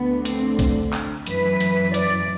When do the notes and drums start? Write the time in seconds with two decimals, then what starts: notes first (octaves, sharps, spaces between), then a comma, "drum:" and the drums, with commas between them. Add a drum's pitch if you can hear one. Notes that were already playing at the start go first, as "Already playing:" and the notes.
Already playing: D2 D3 B3
0.25 C4, drum: hi-hat
0.59 drum: kick B1, hi-hat
0.93 drum: clap
1.26 F#2 E3 B4, drum: hi-hat
1.60 drum: hi-hat
1.94 D5, drum: hi-hat